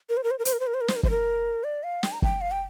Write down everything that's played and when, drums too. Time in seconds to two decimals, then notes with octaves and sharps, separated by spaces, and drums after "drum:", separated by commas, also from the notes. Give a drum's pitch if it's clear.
0.09 A#4
0.17 C5
0.24 A#4
0.31 C5
0.39 A#4
0.45 C5, drum: hi-hat
0.53 A#4
0.60 C5
0.67 A#4
0.74 C5
0.81 A#4
0.88 C5, drum: snare
0.96 A#4
1.03 C5, drum: kick
1.10 A#4
1.64 D5
1.83 F5
2.03 G5, drum: snare
2.12 A#5
2.22 G5, drum: kick
2.41 F5
2.51 G5